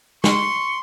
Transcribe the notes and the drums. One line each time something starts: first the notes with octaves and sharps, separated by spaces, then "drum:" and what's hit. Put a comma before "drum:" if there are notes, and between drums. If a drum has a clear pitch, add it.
C6 C#6, drum: snare